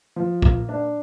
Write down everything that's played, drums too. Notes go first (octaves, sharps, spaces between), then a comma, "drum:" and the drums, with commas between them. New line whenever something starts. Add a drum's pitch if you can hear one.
F3
A#3, drum: kick
D4